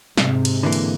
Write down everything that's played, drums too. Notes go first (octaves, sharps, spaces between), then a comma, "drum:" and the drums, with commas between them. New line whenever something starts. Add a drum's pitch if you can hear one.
G#2 C3 G#3, drum: snare
drum: cymbal
D3 E3 A#3
drum: cymbal